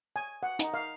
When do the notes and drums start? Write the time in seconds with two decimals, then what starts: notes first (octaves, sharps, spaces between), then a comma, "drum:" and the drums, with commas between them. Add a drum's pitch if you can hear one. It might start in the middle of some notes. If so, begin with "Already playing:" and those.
0.16 G#5
0.43 F#5
0.59 D#4, drum: hi-hat
0.74 F5